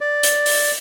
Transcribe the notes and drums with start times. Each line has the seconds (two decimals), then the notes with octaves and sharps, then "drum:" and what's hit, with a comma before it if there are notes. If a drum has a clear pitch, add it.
0.01 D5
0.23 drum: hi-hat
0.46 drum: open hi-hat